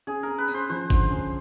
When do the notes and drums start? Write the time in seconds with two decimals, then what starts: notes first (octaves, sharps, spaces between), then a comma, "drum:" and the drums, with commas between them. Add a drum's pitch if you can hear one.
0.07 C#4 G#4
0.23 C#4 A#4
0.38 B4
0.48 C#4, drum: tambourine
0.54 C5
0.69 F3 C5
0.90 D3, drum: kick, tambourine
1.11 C#4